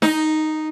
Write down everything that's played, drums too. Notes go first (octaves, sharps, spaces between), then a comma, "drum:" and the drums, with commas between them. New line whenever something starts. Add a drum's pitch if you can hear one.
D#4, drum: snare